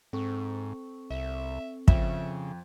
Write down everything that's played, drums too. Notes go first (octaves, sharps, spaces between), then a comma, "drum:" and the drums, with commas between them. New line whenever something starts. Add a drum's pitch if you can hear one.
G#2 C4 A4 C#6
C2 E5
F2 C#3 E5, drum: kick